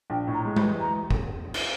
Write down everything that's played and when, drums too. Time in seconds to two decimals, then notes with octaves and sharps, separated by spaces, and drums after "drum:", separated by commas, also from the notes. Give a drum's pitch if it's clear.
0.10 A#1 G5
0.27 A2
0.33 A#5
0.45 G#3
0.56 B5, drum: tom G#3
0.63 E3
0.80 A#5
1.11 drum: kick
1.54 drum: cymbal